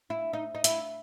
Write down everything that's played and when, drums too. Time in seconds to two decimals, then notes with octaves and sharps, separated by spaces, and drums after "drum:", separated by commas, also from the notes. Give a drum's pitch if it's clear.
0.10 E4
0.33 D#4
0.55 D#4
0.64 E4, drum: hi-hat